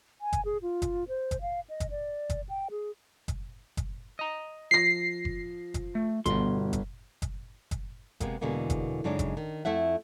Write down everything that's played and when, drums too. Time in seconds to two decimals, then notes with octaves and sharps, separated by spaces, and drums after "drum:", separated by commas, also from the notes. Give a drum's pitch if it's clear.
0.21 G#5
0.33 drum: kick F#1, hi-hat
0.45 G#4
0.62 F4
0.82 drum: kick F#1, hi-hat
1.08 C5
1.31 drum: kick F#1, hi-hat
1.41 F5
1.70 D#5
1.80 drum: kick F#1, hi-hat
1.90 D5
2.30 drum: kick F#1, hi-hat
2.49 G5
2.71 G#4
3.28 drum: kick F#1, hi-hat
3.77 drum: kick F#1, hi-hat
4.19 D#5 A#5
4.71 F3 A#6 C7
5.25 drum: kick F#1
5.74 drum: kick F#1, hi-hat
5.95 A3
6.26 G1 B2 C6, drum: kick F#1, hi-hat
6.73 drum: kick F#1, hi-hat
7.22 drum: kick F#1, hi-hat
7.71 drum: kick F#1, hi-hat
8.20 C3 G#3 A#3 B3, drum: kick F#1, hi-hat
8.41 E2 B2 D3 G#3 A#3 B3
8.70 drum: kick F#1, hi-hat
9.04 F#2 C#3 G#3 D4 D#4
9.19 drum: kick F#1, hi-hat
9.37 D#3
9.65 F2 A3 E4 E5 F#5